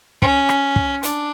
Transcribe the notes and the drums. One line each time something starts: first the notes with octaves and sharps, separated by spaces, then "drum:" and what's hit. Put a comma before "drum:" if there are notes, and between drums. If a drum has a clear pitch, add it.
C#4, drum: kick
drum: rim click
drum: kick
D4, drum: hi-hat